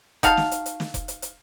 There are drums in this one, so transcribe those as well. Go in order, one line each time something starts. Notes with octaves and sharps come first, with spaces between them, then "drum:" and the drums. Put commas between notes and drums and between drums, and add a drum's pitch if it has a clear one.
D#4 F#4 F5 A5, drum: kick F1, hi-hat
drum: snare
drum: hi-hat
drum: hi-hat
drum: snare
drum: kick F1, hi-hat
drum: hi-hat
drum: hi-hat